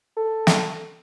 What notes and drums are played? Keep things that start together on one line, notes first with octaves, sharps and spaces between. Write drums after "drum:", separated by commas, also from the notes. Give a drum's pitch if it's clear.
A4
drum: snare